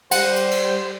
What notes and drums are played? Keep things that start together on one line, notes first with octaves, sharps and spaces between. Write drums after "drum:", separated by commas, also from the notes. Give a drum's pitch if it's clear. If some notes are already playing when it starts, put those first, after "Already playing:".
G3 C5 F#5, drum: cymbal
drum: cymbal
drum: cymbal